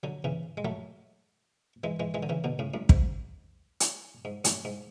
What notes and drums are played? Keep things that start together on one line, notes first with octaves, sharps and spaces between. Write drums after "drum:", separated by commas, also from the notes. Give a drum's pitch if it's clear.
D3 F#3
C#3 E3
G#3
F#3 A3
E3 G#3
E3 G#3
E3 G#3
D3
C#3 E3
B2 D3
A2 C#3
F#2 A2
G#2, drum: kick
drum: hi-hat
G#2
F#2 A2, drum: hi-hat
G#2